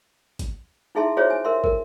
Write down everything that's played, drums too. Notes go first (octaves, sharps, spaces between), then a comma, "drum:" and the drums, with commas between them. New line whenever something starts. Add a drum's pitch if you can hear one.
drum: kick, hi-hat
D#4 E4 G#4 E5 A5 C6
F4 F#4 G#4 C5 C#5 E5
G#5
A#4 E5 C6
A#4, drum: kick